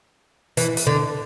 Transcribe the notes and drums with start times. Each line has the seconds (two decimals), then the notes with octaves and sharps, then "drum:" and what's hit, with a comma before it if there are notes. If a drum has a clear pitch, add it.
0.57 E3, drum: hi-hat
0.77 drum: hi-hat
0.87 D3